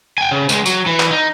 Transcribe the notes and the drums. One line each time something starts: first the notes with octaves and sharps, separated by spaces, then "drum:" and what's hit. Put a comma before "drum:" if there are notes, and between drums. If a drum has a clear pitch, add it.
G5 G#5
C#3
C#2 G#3, drum: tambourine
F#3, drum: tambourine
E3
drum: clap
D#4